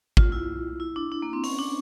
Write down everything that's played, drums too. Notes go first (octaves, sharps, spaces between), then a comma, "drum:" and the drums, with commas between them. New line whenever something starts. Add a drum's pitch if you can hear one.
F4, drum: kick G#1
E4
E4
D4
D4
A#3
C4
C#4, drum: open hi-hat
D4